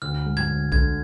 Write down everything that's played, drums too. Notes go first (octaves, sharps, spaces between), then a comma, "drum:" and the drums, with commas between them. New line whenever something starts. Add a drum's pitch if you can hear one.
D2 F6
G#3
G#6, drum: tom G2
D2
D3 G#6, drum: kick B1